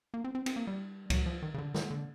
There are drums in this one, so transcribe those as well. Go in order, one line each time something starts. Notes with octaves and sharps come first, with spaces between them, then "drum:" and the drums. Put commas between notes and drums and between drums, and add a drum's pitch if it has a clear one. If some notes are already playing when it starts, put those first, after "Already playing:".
A#3
C4
C4
C4, drum: cymbal
A#3
G3
F#3, drum: kick C#2, cymbal
F3
D#3
C#3
D3
D#3, drum: snare
D3